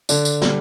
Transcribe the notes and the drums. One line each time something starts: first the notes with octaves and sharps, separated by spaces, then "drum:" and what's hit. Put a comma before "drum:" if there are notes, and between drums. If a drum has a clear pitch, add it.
D3 D4, drum: tambourine
drum: tambourine
G3, drum: snare